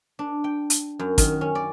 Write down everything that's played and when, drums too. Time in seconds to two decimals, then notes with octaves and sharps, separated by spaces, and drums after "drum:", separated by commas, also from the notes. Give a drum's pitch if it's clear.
0.19 D4
0.44 G5
0.70 drum: hi-hat
0.99 F#2
1.18 D#3, drum: kick, hi-hat
1.41 C#4
1.55 D5